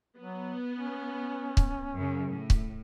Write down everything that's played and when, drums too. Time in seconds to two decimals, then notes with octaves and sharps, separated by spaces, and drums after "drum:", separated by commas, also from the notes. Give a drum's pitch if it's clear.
0.18 F#3 B3
0.72 C#4
1.57 drum: kick C#1
1.95 F#2 C#3
2.28 A2
2.50 drum: kick C#1